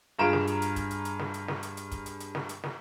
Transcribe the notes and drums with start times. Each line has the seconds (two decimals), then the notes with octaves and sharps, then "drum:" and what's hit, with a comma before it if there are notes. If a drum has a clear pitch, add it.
0.19 G2 F4 G#4 A#5 D7 E7
0.33 drum: snare
0.47 drum: hi-hat
0.62 drum: hi-hat
0.76 drum: kick, hi-hat
0.91 drum: hi-hat
1.05 drum: hi-hat
1.19 drum: snare
1.34 drum: hi-hat
1.48 drum: snare
1.63 drum: hi-hat
1.77 drum: hi-hat
1.91 drum: kick, hi-hat
2.06 drum: hi-hat
2.20 drum: hi-hat
2.35 drum: snare
2.49 drum: hi-hat
2.64 drum: snare